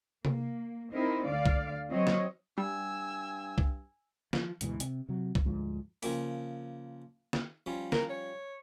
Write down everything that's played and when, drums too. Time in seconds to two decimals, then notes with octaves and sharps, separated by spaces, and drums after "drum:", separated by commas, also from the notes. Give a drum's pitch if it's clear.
0.25 A#3, drum: tom C3
0.91 C4 D#4 E4 A#4
1.25 D2 D3 D5 F5
1.46 drum: kick
1.89 F#3 C4 C#5 D#5
2.07 drum: snare
2.58 G2 G3 G#5 E6
3.58 drum: kick
4.33 F3, drum: snare
4.61 D2 G#2 B2 E3, drum: hi-hat
4.80 C3, drum: hi-hat
5.09 C3 F#3
5.35 drum: kick
5.45 D2 G#2 D3 F3
6.03 C#3 F3 A#3, drum: open hi-hat
7.33 drum: snare
7.66 F3 G3 C#4
7.92 A#4, drum: snare
8.10 C#5